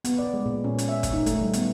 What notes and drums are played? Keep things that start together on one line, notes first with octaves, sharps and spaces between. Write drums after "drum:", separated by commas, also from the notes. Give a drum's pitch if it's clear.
B3, drum: hi-hat
D5
G#3
A#2
C#4
drum: hi-hat
E5
drum: kick, hi-hat
D#4
A3, drum: hi-hat
G3
B3, drum: hi-hat